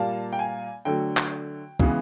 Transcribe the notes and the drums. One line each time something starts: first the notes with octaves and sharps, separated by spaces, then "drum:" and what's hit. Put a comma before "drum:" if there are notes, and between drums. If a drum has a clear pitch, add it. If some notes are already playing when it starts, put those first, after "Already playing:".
Already playing: A#2 G3 A#3 A5
G5
G#5
D3 F#3 A3 G5
drum: clap
C#3 E3 G#3 B3, drum: kick